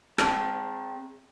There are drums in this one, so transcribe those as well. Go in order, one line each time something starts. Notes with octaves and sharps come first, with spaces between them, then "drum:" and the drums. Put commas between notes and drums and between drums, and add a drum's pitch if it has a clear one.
C4 G#4 A5, drum: rim click